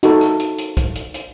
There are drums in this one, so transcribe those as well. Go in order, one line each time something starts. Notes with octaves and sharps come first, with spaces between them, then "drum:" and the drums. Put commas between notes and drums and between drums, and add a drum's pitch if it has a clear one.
D#4 F#4 A4, drum: hi-hat
drum: rim click
drum: hi-hat
drum: hi-hat
drum: kick, hi-hat
drum: hi-hat
drum: hi-hat